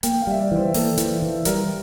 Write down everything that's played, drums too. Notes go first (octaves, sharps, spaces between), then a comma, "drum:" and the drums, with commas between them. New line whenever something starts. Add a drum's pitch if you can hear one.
A#3 G5, drum: hi-hat
F5
G3 E5
D5
E3 C5
A#3 A4, drum: open hi-hat
E3, drum: hi-hat
E3
G3 A#4, drum: hi-hat